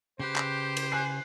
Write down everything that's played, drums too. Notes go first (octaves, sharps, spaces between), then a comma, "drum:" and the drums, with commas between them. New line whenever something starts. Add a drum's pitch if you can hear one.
C#3 G4 B4 C5
drum: clap
drum: cymbal
G#5 F#6 C7